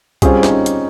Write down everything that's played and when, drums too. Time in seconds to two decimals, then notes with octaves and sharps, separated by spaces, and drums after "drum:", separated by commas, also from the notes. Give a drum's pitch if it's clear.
0.22 G3 C4 C#4 F4 G#4, drum: kick C2, hi-hat
0.43 D#4, drum: snare
0.51 C#4
0.66 drum: hi-hat